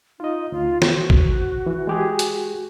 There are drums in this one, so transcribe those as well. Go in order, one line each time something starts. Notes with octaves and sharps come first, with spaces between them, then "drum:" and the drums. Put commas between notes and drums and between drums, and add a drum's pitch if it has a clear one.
D#4 F4 D#5
D2 F4
F#4 C5, drum: snare
drum: kick
E3
G#3 G4 G#4
drum: hi-hat